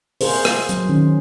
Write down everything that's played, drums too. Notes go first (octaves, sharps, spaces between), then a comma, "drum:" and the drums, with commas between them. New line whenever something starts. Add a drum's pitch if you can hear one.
G#4 A#4 C5, drum: open hi-hat
drum: rim click
F#3, drum: hi-hat
D#3 C#4